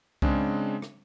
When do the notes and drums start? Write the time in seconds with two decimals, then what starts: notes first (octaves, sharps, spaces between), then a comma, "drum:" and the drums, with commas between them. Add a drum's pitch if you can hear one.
0.22 C#3 G#3 C4 D4, drum: kick C2
0.82 drum: rim click